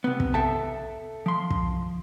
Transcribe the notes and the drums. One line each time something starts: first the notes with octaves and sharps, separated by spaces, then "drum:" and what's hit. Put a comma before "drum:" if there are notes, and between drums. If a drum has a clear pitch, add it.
C3 B3
drum: kick
A4 E5 G5 A5
F3 C6
drum: kick